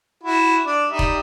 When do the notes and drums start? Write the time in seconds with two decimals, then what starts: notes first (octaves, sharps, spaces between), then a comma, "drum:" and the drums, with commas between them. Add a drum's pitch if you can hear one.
0.23 E4 F#4
0.65 D4
0.89 G3 D#4 E5
0.99 drum: kick E1